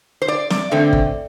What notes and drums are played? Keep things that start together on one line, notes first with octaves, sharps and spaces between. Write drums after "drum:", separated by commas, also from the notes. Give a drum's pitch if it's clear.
C5
D5
D5, drum: snare
E2 D3 A3 C4
drum: kick